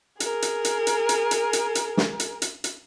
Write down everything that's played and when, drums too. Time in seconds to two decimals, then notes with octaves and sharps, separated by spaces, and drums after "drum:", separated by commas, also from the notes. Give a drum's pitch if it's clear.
0.20 G#4 A#4, drum: hi-hat
0.42 drum: hi-hat
0.65 drum: hi-hat
0.87 drum: hi-hat
1.09 drum: hi-hat
1.31 drum: hi-hat
1.53 drum: hi-hat
1.75 drum: hi-hat
1.97 drum: snare
2.20 drum: hi-hat
2.42 drum: hi-hat
2.64 drum: hi-hat